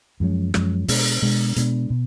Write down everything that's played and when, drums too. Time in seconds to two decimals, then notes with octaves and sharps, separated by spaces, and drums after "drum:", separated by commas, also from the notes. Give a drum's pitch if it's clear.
0.20 F#2 F3 G#3 C#4
0.54 F#2 F3 G#3 C#4, drum: rim click
0.88 B2 G#3 B3 D4, drum: open hi-hat
1.22 B2 G#3 B3 D4
1.56 B2 G#3 B3 D4, drum: hi-hat
1.90 B2